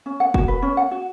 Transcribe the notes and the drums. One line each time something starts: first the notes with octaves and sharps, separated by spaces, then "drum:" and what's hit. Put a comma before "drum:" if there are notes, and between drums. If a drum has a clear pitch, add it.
C#4
F#5
F#4, drum: kick
B4
C#4
F#5
F#4